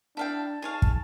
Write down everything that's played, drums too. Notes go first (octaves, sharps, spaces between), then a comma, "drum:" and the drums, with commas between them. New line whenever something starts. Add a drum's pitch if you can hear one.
D4 E4 F5 G5 A5
D#4 G#4 C#5 F5
drum: kick